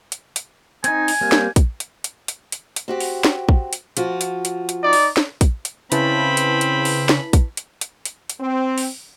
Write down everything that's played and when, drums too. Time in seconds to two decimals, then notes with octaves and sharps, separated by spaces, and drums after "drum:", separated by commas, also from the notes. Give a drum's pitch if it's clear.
0.12 drum: hi-hat
0.36 drum: hi-hat
0.84 C4 D#4 G#5, drum: hi-hat
1.08 drum: open hi-hat
1.21 G3 A#3 C4
1.32 drum: snare
1.56 drum: kick, hi-hat
1.80 drum: hi-hat
2.04 drum: hi-hat
2.28 drum: hi-hat
2.52 drum: hi-hat
2.76 drum: hi-hat
2.88 C4 F#4 G4
3.00 drum: open hi-hat
3.25 drum: snare
3.49 drum: kick
3.73 drum: hi-hat
3.97 F3 F4 F#4, drum: hi-hat
4.21 drum: hi-hat
4.45 drum: hi-hat
4.69 drum: hi-hat
4.82 D#4 D5
4.93 drum: open hi-hat
5.17 drum: snare
5.41 drum: kick, hi-hat
5.65 drum: hi-hat
5.92 C#3 C4 E4 B4 A5 B5, drum: hi-hat
6.37 drum: hi-hat
6.61 drum: hi-hat
6.85 drum: open hi-hat
7.09 drum: snare
7.33 drum: kick, hi-hat
7.57 drum: hi-hat
7.81 drum: hi-hat
8.05 drum: hi-hat
8.30 drum: hi-hat
8.40 C4
8.78 drum: open hi-hat